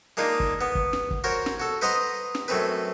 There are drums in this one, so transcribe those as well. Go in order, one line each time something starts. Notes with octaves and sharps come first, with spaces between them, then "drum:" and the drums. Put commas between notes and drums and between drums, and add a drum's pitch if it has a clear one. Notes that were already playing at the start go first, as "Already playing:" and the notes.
G#3 A#3 D4 D#4 F4
drum: kick
B3
drum: kick
drum: snare
drum: kick
F#4 A#4 C5 C#5
drum: snare
F#4 A4
B4 C5 D#5 F#5 A#5 C6
drum: snare
F#2 A3 C4 B4